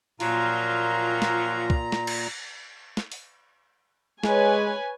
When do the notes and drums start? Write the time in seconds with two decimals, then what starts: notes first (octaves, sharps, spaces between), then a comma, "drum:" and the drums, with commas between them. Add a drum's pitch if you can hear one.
0.20 A#2 F3 F#3 F4 A#5, drum: open hi-hat
1.22 drum: snare
1.70 drum: kick
1.92 drum: snare
2.07 drum: cymbal
2.97 drum: snare
3.12 drum: open hi-hat
4.24 G#3 B4 C#5 G#5, drum: snare